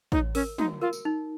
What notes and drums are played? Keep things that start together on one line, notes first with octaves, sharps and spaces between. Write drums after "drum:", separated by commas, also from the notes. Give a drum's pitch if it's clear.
D#4 C#5, drum: kick
C#4 A#4, drum: open hi-hat
D#4 F#4, drum: tom
F4 A#4
drum: tambourine
D#4